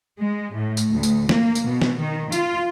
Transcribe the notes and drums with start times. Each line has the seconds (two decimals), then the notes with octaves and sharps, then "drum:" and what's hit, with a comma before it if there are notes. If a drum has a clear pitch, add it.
0.20 G#3
0.54 A2
0.77 drum: tambourine
0.90 D2
1.03 drum: tambourine
1.29 A#3, drum: snare
1.55 drum: tambourine
1.65 B2
1.81 drum: snare
2.00 D#3
2.32 F4, drum: tambourine